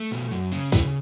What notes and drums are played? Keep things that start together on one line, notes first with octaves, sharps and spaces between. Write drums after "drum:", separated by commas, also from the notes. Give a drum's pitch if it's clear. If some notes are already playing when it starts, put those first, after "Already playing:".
Already playing: A3
B2
F#2
C#3
C#3 E4, drum: kick